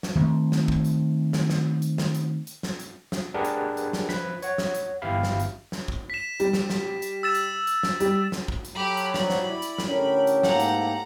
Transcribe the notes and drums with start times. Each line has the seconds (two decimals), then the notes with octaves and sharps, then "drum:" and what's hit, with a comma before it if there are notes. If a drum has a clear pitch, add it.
0.03 drum: snare
0.15 D#3 A3 C4
0.52 drum: snare
0.68 drum: kick
0.85 drum: hi-hat
1.33 drum: snare
1.50 drum: snare
1.82 drum: hi-hat
1.98 drum: snare
2.15 drum: hi-hat
2.47 drum: hi-hat
2.63 drum: snare
2.80 drum: hi-hat
3.12 drum: snare
3.34 D4 G4 G#4 A#4 B4 F#5
3.45 drum: hi-hat
3.77 drum: hi-hat
3.93 drum: snare
4.09 F3 B4 B6, drum: snare
4.42 C#5 F#5, drum: hi-hat
4.58 drum: snare
4.75 drum: hi-hat
5.02 G1 E3 G4 E5 F5 B5
5.23 drum: snare
5.40 drum: hi-hat
5.72 drum: snare
5.88 drum: kick
6.10 B6 E7
6.40 G3, drum: hi-hat
6.53 drum: snare
6.70 drum: snare
7.02 drum: hi-hat
7.23 E6 A6 E7
7.35 drum: hi-hat
7.67 drum: hi-hat
7.83 drum: snare
8.00 G3, drum: hi-hat
8.32 drum: snare
8.48 drum: kick
8.65 drum: hi-hat
8.75 F#3 G4 A4 B5
8.97 drum: hi-hat
9.14 F3 F#4 D5 B5, drum: snare
9.30 drum: snare
9.45 E4 D5
9.62 drum: hi-hat
9.78 drum: snare
9.88 A2 D3 C#4 G4 A4 A#4
10.27 drum: hi-hat
10.43 G#2 A#3 F#5 A#5, drum: snare
10.60 drum: hi-hat